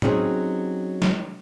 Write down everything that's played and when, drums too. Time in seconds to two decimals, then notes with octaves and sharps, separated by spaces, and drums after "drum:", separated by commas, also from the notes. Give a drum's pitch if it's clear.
0.02 F#3 C4 C#4 D#4 G4 G#4, drum: tom A2
1.02 drum: snare